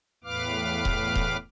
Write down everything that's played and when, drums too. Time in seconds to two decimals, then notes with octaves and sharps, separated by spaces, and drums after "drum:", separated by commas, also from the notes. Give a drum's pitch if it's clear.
0.24 E2 A2 B4 F5 D6 F6
0.85 drum: kick D#1
1.15 drum: kick D#1